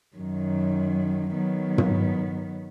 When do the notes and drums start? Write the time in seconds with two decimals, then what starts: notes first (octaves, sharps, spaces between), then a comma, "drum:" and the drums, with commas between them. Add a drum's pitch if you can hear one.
0.16 F#2 D#3 F#3
1.33 D#3 F#3 B3
1.78 drum: tom